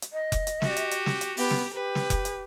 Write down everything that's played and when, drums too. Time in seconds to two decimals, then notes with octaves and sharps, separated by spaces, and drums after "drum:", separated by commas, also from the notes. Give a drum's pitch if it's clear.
0.02 drum: hi-hat
0.13 D#5
0.32 drum: kick F1, hi-hat
0.47 drum: hi-hat
0.62 F#4 G4, drum: snare
0.76 drum: hi-hat
0.91 drum: hi-hat
1.06 drum: snare
1.21 drum: hi-hat
1.37 B3 G4, drum: open hi-hat
1.51 drum: snare
1.73 G4 B4
1.95 drum: snare
2.10 drum: kick F1, hi-hat
2.25 drum: hi-hat